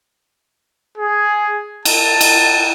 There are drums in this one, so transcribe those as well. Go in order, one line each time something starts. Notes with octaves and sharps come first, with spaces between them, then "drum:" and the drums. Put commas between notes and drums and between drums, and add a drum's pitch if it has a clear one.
G#4
A5, drum: cymbal
drum: cymbal